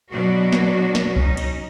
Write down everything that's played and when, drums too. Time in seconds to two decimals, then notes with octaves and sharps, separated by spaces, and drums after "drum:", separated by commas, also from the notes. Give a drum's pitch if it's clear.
0.13 B2 F#3 D4 F#4
0.53 drum: snare
0.95 drum: snare
1.16 C#4 D#4, drum: kick C2
1.37 drum: cymbal